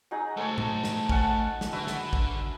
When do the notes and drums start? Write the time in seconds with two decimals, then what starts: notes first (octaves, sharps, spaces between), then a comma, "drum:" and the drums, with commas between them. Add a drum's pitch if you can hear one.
0.11 F#3 D#4 G#4
0.37 A3 A4 C5 C#5
0.58 drum: tom A2
0.84 drum: snare
1.09 C#4 F#5 A5, drum: kick A1
1.61 drum: snare
1.73 D3 F#4 B4 E5
1.87 drum: snare
2.13 drum: kick A1